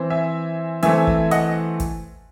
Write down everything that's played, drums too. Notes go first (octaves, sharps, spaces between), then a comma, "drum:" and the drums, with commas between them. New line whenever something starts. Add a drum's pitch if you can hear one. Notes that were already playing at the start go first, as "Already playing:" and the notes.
Already playing: E3 C4
E5 G#5
E3 A3 C4 E5 G#5, drum: hi-hat
drum: kick
D#5 F#5, drum: hi-hat
drum: kick, hi-hat